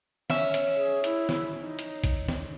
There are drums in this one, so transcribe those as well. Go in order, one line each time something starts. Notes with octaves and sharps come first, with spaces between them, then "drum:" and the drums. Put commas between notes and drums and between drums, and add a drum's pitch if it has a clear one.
C#4 E5, drum: snare
drum: hi-hat
G#4
E4, drum: hi-hat
drum: snare
D#4
drum: hi-hat
drum: kick A#1, hi-hat
drum: snare